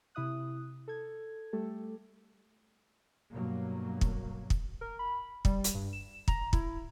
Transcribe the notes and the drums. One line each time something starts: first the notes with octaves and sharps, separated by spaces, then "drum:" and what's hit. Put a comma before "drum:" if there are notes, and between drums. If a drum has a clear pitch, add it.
C3 E4 E5 D#6 F#6
A4 G#6
G3 A3 G4 A4
G2 B2 F#3 A#3
drum: kick
drum: kick
A#4
B5
G3, drum: kick
drum: hi-hat
G2
E7
A#5, drum: kick
E4, drum: kick